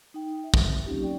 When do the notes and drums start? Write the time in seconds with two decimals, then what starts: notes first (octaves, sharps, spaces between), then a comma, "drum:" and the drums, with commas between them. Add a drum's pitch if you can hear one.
0.14 D#4 G5
0.31 G5
0.44 E5
0.54 drum: kick
0.67 C4
0.86 F#3 A#3 C#4 D#4 F4 G4
1.02 C#4 D5 G5